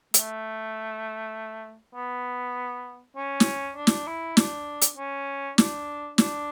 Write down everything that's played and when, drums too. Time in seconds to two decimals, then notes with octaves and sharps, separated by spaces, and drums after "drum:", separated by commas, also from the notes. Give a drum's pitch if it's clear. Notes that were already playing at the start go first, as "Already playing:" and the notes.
0.14 A3, drum: hi-hat
1.95 B3
3.16 C#4
3.40 drum: snare
3.77 D4
3.87 drum: snare
4.07 E4
4.37 D4, drum: snare
4.82 drum: hi-hat
4.97 C#4
5.58 D4, drum: snare
6.18 D4, drum: snare